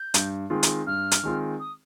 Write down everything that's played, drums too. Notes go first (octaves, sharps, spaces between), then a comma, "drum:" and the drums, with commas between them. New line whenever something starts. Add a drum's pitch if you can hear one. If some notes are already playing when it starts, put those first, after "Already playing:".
Already playing: G6
G2, drum: hi-hat
D#3 G#3 C4 F4
drum: hi-hat
G2 F6
drum: hi-hat
D#3 G#3 C4 F4
D#6